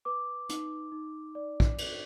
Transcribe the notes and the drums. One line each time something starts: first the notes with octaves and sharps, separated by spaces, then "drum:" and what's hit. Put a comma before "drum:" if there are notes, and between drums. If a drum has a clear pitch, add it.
B4 D6
D#4, drum: hi-hat
D#4
D5
drum: kick A#1
B4, drum: cymbal